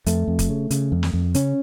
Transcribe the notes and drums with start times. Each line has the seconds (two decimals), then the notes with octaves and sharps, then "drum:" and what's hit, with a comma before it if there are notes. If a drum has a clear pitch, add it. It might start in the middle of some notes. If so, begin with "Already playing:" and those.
0.06 F2 A3, drum: hi-hat
0.28 F2
0.39 drum: kick, hi-hat
0.49 C#3
0.71 C#3, drum: hi-hat
0.92 F2
1.03 drum: snare
1.14 F2
1.34 C#3 C#4, drum: hi-hat